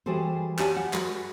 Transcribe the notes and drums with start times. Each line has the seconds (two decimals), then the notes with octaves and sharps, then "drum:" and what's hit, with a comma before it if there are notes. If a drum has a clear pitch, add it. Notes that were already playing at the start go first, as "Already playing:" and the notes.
0.06 E3 G3 F#4 G#4 A4 C5
0.59 F#4 G4 C#5 D5 G#5 A5, drum: clap
0.76 F#5
0.93 F#4 G#4 A#4 B4 D5, drum: clap